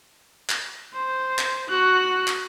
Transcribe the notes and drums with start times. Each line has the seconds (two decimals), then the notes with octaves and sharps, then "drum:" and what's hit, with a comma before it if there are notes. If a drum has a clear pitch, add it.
0.49 drum: clap
0.94 C5
1.38 drum: clap
1.69 F#4 F#6
2.27 drum: clap